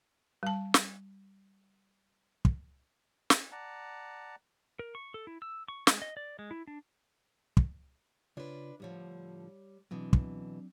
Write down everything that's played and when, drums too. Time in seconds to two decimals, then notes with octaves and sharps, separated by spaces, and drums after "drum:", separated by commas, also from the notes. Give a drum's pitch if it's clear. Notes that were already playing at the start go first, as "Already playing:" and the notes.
0.43 G3 A5
0.74 drum: snare
2.45 drum: kick
3.30 drum: snare
3.52 D5 F#5 A5 A#5
4.79 A#4
4.95 C#6
5.14 A4
5.27 E4
5.42 E6
5.68 C#6
5.87 G#3, drum: snare
6.02 D#5
6.17 D5
6.39 G#3
6.51 E4
6.67 D4
7.57 drum: kick
8.37 C#3 D4 F4 B4 C#5
8.80 A2 D3 F3 G3 C#5
9.91 B2 E3 F#3 C4 D4
10.13 drum: kick